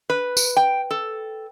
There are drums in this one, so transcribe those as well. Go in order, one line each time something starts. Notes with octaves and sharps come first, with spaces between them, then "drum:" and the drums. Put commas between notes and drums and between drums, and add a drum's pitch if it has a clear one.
B4
drum: tambourine
G5
A4